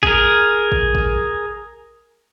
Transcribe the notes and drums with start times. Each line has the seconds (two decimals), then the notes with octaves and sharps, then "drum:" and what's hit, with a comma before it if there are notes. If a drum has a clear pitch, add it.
0.03 G#4 A#4, drum: kick
0.72 drum: kick
0.95 drum: kick